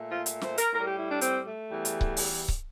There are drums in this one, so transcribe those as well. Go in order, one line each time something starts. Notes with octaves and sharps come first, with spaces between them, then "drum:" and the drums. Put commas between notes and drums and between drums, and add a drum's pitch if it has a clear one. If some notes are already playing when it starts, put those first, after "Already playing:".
Already playing: A#2 A3
F4
drum: hi-hat
C5, drum: snare
A#4, drum: hi-hat
A2 G3 A#4
G4
E4
D4
C4, drum: hi-hat
A3
E2 E3 G3
drum: hi-hat
drum: kick C#1
drum: open hi-hat
drum: kick C#1